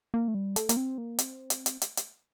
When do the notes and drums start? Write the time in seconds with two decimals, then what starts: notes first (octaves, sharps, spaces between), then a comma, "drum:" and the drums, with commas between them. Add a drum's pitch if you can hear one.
0.14 A#3
0.28 A3
0.35 G3
0.56 A3, drum: hi-hat
0.69 A#3, drum: hi-hat
0.77 C4
0.98 A#3
1.19 C4, drum: hi-hat
1.50 drum: hi-hat
1.66 drum: hi-hat
1.82 drum: hi-hat
1.97 drum: hi-hat